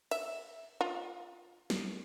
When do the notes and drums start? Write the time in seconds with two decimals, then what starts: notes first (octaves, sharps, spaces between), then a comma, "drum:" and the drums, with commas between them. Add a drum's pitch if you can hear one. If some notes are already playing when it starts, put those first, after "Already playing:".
0.11 E5, drum: cymbal
0.81 F4
1.70 drum: snare